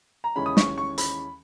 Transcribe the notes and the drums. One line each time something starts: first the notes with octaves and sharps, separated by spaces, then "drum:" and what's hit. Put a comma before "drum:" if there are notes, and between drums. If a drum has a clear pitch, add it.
A#5
D#2 C#3 E3 G#3 C#4 B5
D#6
C#6, drum: snare
C#6
B5, drum: hi-hat